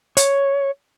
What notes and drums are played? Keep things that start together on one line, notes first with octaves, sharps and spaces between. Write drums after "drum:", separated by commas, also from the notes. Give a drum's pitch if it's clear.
C#5, drum: hi-hat